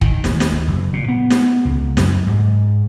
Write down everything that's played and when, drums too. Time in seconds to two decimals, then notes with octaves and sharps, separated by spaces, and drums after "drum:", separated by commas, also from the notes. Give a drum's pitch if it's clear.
0.01 D#3, drum: kick
0.24 D#2, drum: snare
0.40 drum: snare
0.68 F#1
0.93 A#2
1.08 B3
1.30 drum: snare
1.65 C#2
1.97 F#2, drum: snare
2.27 G#2